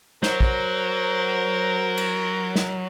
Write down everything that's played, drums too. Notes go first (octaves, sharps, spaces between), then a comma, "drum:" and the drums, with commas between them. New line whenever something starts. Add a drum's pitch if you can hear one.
F#3 A#4 C5, drum: snare
drum: kick
drum: cymbal
drum: snare